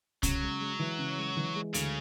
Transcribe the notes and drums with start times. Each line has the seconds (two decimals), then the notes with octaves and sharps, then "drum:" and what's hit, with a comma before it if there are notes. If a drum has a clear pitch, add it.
0.23 C#3 F#3, drum: kick, hi-hat
0.43 G#3
0.61 G#3
0.79 E3
0.98 C#3
1.18 G#3
1.37 E3
1.56 G#3
1.74 D2 C#3, drum: hi-hat